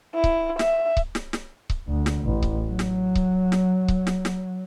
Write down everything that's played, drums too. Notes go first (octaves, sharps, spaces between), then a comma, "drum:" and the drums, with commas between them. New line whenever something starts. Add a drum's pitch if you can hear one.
E4
drum: kick C#1
E5, drum: snare
drum: kick C#1
drum: snare
drum: snare
drum: kick C#1
D2
drum: snare
A1
drum: kick C#1
F#3
drum: snare
drum: kick C#1
drum: snare
drum: kick C#1
drum: snare
drum: snare